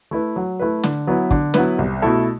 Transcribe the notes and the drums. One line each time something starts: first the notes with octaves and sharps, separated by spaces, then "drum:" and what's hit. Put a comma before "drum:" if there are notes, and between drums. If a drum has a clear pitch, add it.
A3 E4 B4
F#3
A3 E4 B4
D3, drum: snare
F#3 B3 E4 B4
D3, drum: kick
F#3 B3 E4 B4, drum: snare
C2
B2 A3 E4 A4